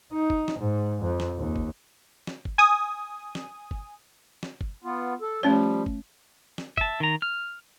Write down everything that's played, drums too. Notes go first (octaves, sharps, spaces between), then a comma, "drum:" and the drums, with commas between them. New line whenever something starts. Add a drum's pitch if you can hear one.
D#4
drum: kick G1
drum: snare
G#2
F2
drum: snare
D#2
drum: kick G1
drum: snare
drum: kick G1
G#5 D#6
drum: snare
drum: kick G1
drum: snare
drum: kick G1
B3 F4
A4
F3 G3 A3 C#4 C#5
drum: kick G1
drum: snare
E5 A5, drum: kick G1
D#3 A#5
F6